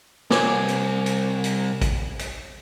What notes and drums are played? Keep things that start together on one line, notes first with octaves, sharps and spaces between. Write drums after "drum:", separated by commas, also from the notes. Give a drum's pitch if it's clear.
C2 C#5 G#5 D6, drum: snare
drum: hi-hat
drum: hi-hat
drum: hi-hat
drum: kick A1, hi-hat
drum: hi-hat